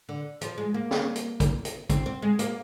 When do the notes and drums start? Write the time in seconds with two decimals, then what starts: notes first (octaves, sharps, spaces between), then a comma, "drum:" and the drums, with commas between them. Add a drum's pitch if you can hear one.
0.09 D3
0.41 F3, drum: hi-hat
0.58 G#3
0.74 A#3
0.91 drum: snare
1.15 drum: hi-hat
1.40 drum: kick, hi-hat
1.65 drum: hi-hat
1.90 C4, drum: kick, hi-hat
2.06 C4
2.22 G#3
2.39 A#3, drum: hi-hat